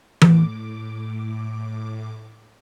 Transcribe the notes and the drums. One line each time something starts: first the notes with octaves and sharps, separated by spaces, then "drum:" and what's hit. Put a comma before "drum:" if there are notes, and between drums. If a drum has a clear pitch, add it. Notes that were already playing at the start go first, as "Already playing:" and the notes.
A2 D6, drum: tom E3